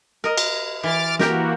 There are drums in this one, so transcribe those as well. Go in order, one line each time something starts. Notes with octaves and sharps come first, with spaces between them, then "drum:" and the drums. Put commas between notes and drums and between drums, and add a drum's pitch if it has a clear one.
A#4 D#5
drum: cymbal
E3 D6 F6 A6
E3 A#3 F#4 G4 A#4, drum: snare